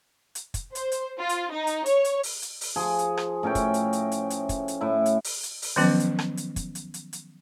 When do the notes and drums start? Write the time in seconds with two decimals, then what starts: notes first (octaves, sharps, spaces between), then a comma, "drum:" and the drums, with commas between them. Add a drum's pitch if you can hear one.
0.35 drum: hi-hat
0.54 drum: kick, hi-hat
0.75 C5, drum: hi-hat
0.92 drum: hi-hat
1.19 F4
1.29 drum: hi-hat
1.52 D#4
1.67 drum: hi-hat
1.86 C#5, drum: hi-hat
2.05 drum: hi-hat
2.23 drum: open hi-hat
2.42 drum: hi-hat
2.61 drum: open hi-hat
2.76 F3 G#4
2.99 drum: hi-hat
3.17 drum: rim click
3.43 A2 C#4 A#4 G5
3.55 drum: kick, hi-hat
3.74 drum: hi-hat
3.93 drum: hi-hat
4.12 drum: hi-hat
4.30 drum: hi-hat
4.49 drum: kick, hi-hat
4.68 drum: hi-hat
4.81 A2 E4
5.06 drum: hi-hat
5.24 drum: open hi-hat
5.43 drum: hi-hat
5.62 drum: open hi-hat
5.76 D#3 F3 F#3 B3 C#4
6.00 drum: hi-hat
6.19 drum: rim click
6.37 drum: hi-hat
6.56 drum: kick, hi-hat
6.75 drum: hi-hat
6.94 drum: hi-hat
7.13 drum: hi-hat